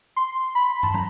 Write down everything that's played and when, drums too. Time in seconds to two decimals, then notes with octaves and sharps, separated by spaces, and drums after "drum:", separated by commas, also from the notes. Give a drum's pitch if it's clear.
0.16 C6
0.55 B5
0.83 A5, drum: tom
0.94 A#5, drum: tom